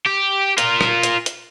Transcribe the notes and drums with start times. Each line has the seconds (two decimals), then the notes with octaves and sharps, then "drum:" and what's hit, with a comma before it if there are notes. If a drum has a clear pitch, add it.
0.06 G4
0.58 F4 A#4, drum: hi-hat
0.81 drum: rim click
1.03 drum: hi-hat
1.26 drum: hi-hat